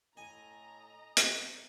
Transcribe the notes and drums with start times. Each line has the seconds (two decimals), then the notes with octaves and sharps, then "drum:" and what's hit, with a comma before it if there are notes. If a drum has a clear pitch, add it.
0.17 A2 D#5 G#5 A#5
1.17 drum: hi-hat